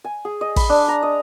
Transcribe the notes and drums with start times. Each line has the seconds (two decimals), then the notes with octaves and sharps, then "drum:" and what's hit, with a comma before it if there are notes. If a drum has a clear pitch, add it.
0.04 G#5
0.25 G#4
0.41 D#5
0.56 B5, drum: kick, open hi-hat
0.69 D4
0.88 A#5
1.03 D#5